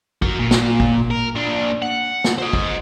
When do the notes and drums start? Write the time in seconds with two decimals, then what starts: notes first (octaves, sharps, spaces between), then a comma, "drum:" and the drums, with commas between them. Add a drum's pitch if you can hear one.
0.22 F#4 A#4, drum: kick
0.39 A#2
0.51 drum: snare
0.80 drum: kick
1.11 A#4
1.35 A#2 D4
1.82 F#5
2.24 drum: snare
2.38 C5 D#5
2.53 drum: kick